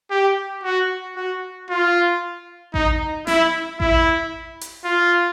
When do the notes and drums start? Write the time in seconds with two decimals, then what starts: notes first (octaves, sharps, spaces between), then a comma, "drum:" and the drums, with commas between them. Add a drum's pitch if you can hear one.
0.10 G4
0.64 F#4
1.16 F#4
1.70 F4
2.74 D#4, drum: kick A1
3.27 E4, drum: snare
3.80 E4, drum: kick A1
4.61 drum: hi-hat
4.84 F4